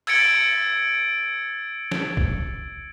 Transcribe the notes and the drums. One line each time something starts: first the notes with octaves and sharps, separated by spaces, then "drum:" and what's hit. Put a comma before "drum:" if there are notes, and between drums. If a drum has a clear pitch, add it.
E6 G#6 A6 C#7 D7 G7, drum: cymbal
drum: snare
drum: kick B1